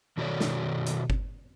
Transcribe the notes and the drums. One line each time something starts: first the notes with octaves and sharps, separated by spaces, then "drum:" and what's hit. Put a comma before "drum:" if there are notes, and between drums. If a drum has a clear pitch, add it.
B2 D#3 F#4 A4 C#5 D5
drum: snare
drum: hi-hat
drum: kick G1